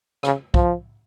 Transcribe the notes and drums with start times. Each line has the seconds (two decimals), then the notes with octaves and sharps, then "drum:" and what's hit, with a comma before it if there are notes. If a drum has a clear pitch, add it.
0.23 C#3, drum: rim click
0.54 F3, drum: kick